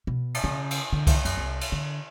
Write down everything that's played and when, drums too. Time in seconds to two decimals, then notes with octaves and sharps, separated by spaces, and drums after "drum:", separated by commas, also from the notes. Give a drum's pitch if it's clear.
0.07 B2
0.34 drum: cymbal
0.44 C#3
0.71 drum: cymbal
0.93 D3
1.07 drum: kick C2, cymbal
1.25 F#2, drum: cymbal
1.37 C2
1.61 drum: cymbal
1.72 D3